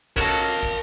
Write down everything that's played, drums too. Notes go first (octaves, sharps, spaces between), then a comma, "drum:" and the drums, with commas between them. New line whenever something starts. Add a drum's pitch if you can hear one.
C#4 F#4 A4 A#4 D#5 F5 A5, drum: kick
drum: kick